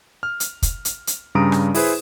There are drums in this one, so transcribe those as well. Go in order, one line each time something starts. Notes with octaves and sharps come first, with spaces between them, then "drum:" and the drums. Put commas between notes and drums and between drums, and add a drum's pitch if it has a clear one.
F6
drum: hi-hat
drum: kick, hi-hat
drum: hi-hat
drum: hi-hat
G2 C#3 G3 A#5 D#6 D7
drum: rim click
E4 G#4 B4 C5, drum: open hi-hat